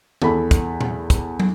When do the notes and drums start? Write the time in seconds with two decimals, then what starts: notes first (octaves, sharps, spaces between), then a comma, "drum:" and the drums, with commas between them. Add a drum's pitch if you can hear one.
0.22 E2 A4 B5, drum: tom
0.51 drum: kick, hi-hat
0.81 drum: tom A#2
1.10 drum: kick, hi-hat
1.40 drum: tom